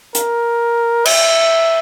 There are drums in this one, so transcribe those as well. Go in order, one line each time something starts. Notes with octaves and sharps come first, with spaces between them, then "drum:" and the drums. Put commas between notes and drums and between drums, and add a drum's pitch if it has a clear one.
A#4, drum: hi-hat
E5, drum: cymbal